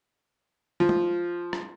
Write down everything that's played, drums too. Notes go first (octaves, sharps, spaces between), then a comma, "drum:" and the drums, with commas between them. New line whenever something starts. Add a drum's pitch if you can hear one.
F3
drum: tom
drum: rim click